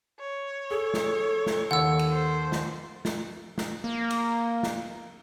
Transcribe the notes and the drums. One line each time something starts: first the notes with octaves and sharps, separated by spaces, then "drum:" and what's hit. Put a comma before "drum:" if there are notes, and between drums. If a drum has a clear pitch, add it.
C#5
G#4 A4
drum: snare
drum: snare
D#2 F#5 E6
drum: cymbal
C5
drum: snare
drum: snare
drum: snare
A#3
drum: cymbal
drum: snare